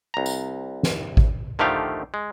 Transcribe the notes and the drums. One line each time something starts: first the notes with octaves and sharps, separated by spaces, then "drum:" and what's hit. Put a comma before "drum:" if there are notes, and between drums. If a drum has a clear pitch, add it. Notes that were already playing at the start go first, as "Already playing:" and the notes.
C2 A#5
drum: tambourine
drum: snare
drum: kick G#1
D3 D#3 F3 A3 G4 F5
G#3